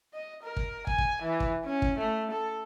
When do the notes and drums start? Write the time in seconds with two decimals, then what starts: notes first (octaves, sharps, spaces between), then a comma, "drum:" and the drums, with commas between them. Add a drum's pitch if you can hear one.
0.14 D#5
0.43 A#4
0.57 drum: kick
0.87 G#5, drum: kick
0.98 drum: kick
1.22 E3
1.40 drum: kick
1.65 C#4
1.82 drum: kick
1.98 A3
2.31 A4